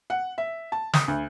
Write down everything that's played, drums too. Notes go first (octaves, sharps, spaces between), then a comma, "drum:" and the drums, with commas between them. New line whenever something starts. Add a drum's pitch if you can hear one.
F#5
E5
A5
D#6, drum: snare
D2